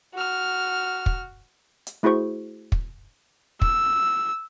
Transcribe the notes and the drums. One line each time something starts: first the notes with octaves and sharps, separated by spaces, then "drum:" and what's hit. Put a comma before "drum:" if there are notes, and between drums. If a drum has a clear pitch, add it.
F#4 F6
drum: kick
drum: hi-hat
A3 E4 F#4 G#4 C5 C#6
drum: kick
E6, drum: kick